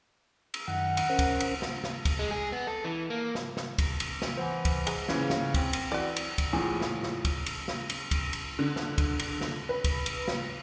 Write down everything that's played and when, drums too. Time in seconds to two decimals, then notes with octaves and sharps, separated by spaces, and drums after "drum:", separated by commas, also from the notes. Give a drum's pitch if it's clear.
0.54 drum: cymbal
0.68 F#2 D#3 F#5
0.97 drum: cymbal
1.10 C#4 A#4 C5
1.19 drum: kick, cymbal
1.40 drum: cymbal
1.62 drum: snare
1.84 drum: snare
2.05 drum: kick, cymbal
2.19 G#3
2.31 G#4
2.52 B3
2.67 A4
2.84 E3
3.10 A#3
3.35 drum: snare
3.57 drum: snare
3.78 drum: kick, cymbal
4.00 drum: cymbal
4.22 drum: snare
4.37 E3 C5 F#5 G#5
4.65 drum: kick, cymbal
4.87 G#3 A#5, drum: cymbal
5.09 C#3 E3 C#4, drum: snare
5.30 drum: snare
5.54 C4, drum: kick, cymbal
5.73 drum: cymbal
5.92 E3 F#4 D5
6.16 drum: cymbal
6.38 drum: kick, cymbal
6.53 E2 A2 F3 G#4 G#5
6.81 drum: snare
7.03 drum: snare
7.25 drum: kick, cymbal
7.46 drum: cymbal
7.68 drum: snare
7.90 drum: cymbal
8.11 drum: kick, cymbal
8.33 drum: cymbal
8.59 D3
8.76 drum: snare
8.98 drum: kick, cymbal
9.19 drum: cymbal
9.41 drum: snare
9.69 B4
9.84 drum: kick, cymbal
10.06 drum: cymbal
10.28 drum: snare